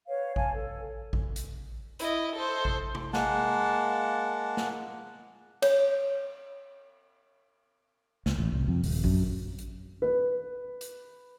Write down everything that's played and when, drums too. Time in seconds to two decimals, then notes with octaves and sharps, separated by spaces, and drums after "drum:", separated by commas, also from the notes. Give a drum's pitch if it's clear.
0.07 B4 C#5 F5
0.36 F5 G#5 A5, drum: kick A1
0.54 A4
1.13 drum: kick A1
1.36 drum: hi-hat
1.99 E4 D#5, drum: hi-hat
2.35 A4 C5
2.65 drum: kick A1
2.95 drum: tom C3
3.13 G#3 A#3 F#5 A5, drum: snare
4.57 drum: snare
5.62 C#5, drum: cymbal
8.26 C#2, drum: snare
8.38 A1
8.52 C2
8.68 F2
8.84 D#1, drum: open hi-hat
9.04 F#2, drum: kick A1
9.59 drum: hi-hat
10.02 B4
10.81 drum: hi-hat